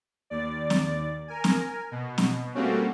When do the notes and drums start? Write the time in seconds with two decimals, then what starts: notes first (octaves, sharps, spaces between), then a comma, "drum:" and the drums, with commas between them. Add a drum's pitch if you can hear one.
0.30 D#2 D5
0.70 drum: snare
1.28 A#4 G#5
1.44 drum: snare
1.91 B2
2.18 drum: snare
2.55 G3 A3 A#3 C4 C#4 F#4